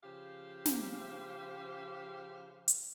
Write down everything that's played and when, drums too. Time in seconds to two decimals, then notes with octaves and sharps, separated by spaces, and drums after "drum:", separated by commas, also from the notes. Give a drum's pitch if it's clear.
0.03 C#3 F3 G4 C5 F5
0.66 drum: snare
2.68 drum: hi-hat